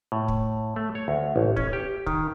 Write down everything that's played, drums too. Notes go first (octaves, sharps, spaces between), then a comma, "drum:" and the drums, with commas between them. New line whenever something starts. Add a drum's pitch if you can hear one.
A2
drum: kick
A3
C#5
D2
A1
C#4, drum: kick
G4
D#3, drum: kick